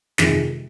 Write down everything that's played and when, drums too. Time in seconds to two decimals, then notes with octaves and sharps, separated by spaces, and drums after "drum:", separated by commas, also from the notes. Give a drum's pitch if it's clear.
0.18 F2 C3 D#3 G#3, drum: snare